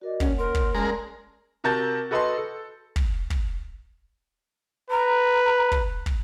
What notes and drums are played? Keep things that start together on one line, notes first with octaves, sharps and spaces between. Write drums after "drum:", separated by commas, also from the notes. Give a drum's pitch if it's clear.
F#4 A#4 D5 D#5
A#3 C#4 C#5 F#5, drum: kick
A#4 C6
drum: kick
G#3 C#4 A#4 D5 A5 A#5
C3 F#4 A#4 A5 G6 A6
F#4 A4 B4 D#5 A5 C6
A4
drum: kick
drum: kick
B4 A#5
drum: kick
drum: kick